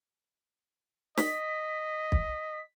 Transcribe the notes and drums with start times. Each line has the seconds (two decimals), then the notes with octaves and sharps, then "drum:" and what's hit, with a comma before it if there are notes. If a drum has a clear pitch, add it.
1.17 D#5 B6, drum: snare
2.12 drum: kick